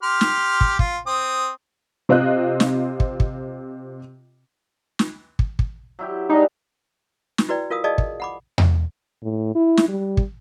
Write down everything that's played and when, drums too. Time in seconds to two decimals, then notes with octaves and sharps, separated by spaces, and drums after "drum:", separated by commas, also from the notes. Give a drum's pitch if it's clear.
0.03 G4 C6 F6
0.21 drum: snare
0.61 drum: kick
0.79 F4, drum: kick
1.07 C4 D#6
2.09 C3 C4 F4 D#5 F#6
2.60 drum: snare
3.00 drum: kick
3.20 drum: kick
4.99 drum: snare
5.39 drum: kick
5.59 drum: kick
5.99 F#3 E4 G4
6.30 G3 G#3 D4 D#4
7.38 drum: snare
7.49 E4 F#4 B4 D5 G5
7.70 F4 A#4 F5 D#6
7.84 G#4 D5 D#5 F5 A5 D#6
7.98 drum: kick
8.20 F#5 B5 D6
8.58 drum: tom E2
9.23 A2
9.55 E4
9.77 drum: snare
9.88 G3
10.17 drum: kick